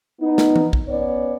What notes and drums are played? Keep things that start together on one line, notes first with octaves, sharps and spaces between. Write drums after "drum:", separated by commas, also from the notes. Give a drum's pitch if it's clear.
B3 D#4
drum: snare
drum: tom E3
drum: kick
B3 C#4 C#5 D5